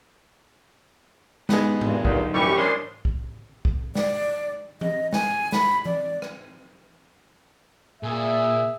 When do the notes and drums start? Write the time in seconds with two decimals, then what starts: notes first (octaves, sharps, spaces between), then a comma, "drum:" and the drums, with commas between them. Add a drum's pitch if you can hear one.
1.49 G#2 B2 G#3 B3 D#4, drum: snare
1.81 E2 G2 A#2, drum: tom G#2
2.05 D2 F#3 D#4 F4, drum: kick
2.34 F#2 E3 G3 G4 C#6
2.57 C#4 D4 A#4 C5 D#5 C6
3.05 drum: kick
3.65 drum: kick
3.95 D5, drum: snare
4.81 D#5, drum: tom E3
5.13 G#5, drum: snare
5.52 B5, drum: snare
5.86 D5, drum: tom E3
6.22 drum: rim click
8.03 A#2 G#4 E5